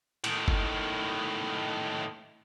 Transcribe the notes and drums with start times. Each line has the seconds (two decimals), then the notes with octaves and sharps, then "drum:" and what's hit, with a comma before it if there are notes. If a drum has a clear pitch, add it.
0.24 A2 D#3, drum: cymbal
0.48 drum: kick F#1